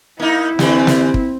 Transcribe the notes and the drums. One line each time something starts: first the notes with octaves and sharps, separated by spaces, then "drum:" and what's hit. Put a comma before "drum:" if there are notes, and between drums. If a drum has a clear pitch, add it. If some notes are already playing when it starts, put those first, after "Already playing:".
A#3 D#4 E4
D3 E3 G3 C4, drum: snare
drum: snare
drum: kick